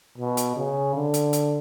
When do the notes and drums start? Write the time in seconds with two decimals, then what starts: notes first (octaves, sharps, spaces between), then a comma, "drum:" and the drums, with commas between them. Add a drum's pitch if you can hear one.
0.18 B2
0.37 drum: hi-hat
0.56 C#3
0.95 D3
1.14 drum: hi-hat
1.33 drum: hi-hat